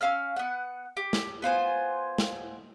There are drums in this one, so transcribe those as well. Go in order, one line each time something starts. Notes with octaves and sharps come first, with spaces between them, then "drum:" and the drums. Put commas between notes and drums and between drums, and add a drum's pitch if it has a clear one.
C#4 F5 E6 F6
B3 F#5
G4
drum: snare
B3 F4 C5 G#5
drum: snare